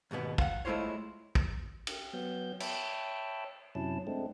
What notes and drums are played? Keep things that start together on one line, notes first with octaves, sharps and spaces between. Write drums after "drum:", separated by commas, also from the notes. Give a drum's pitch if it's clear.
D#2 G#2 B2 B3
F5 F#5, drum: kick
G#3 A3 E4 F4 C5 C#5
drum: kick
drum: cymbal
F#3 B3 G6
C#5 E5 G5 A5 B5, drum: cymbal
F#2 C3 F#3 C#4 E4 A5
G#3 A3 C4 D4